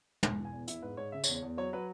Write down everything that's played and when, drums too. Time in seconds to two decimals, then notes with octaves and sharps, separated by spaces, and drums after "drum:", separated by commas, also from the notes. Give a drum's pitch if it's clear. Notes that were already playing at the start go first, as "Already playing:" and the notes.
0.23 E1 G#5, drum: tom
0.38 E3
0.45 G#5
0.52 E2
0.67 E4 E5, drum: hi-hat
0.82 G#2 B4
0.97 G#2 C#5
1.12 C#3 E5
1.24 C#5, drum: tambourine
1.28 E2
1.35 C#5
1.43 E2
1.57 F#3 C#5
1.73 F#3 B4